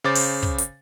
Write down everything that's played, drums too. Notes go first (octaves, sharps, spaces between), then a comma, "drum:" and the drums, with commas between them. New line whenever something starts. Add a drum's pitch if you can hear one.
C#3 C5 D6 A6
drum: open hi-hat
drum: kick
drum: hi-hat